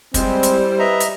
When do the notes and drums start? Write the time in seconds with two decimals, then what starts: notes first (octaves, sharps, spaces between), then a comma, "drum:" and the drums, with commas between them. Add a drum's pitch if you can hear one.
0.14 G3 G#3 C4 E4 C5, drum: kick, hi-hat
0.43 drum: hi-hat
0.79 B4 D#5 E5 A#5
1.00 drum: hi-hat